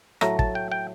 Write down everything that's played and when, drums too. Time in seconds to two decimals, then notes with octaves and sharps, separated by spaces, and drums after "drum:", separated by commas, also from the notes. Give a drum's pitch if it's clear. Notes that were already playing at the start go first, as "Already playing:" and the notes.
0.21 A2 F#3 A3 A#5, drum: rim click
0.39 A5, drum: kick
0.55 G5
0.72 G5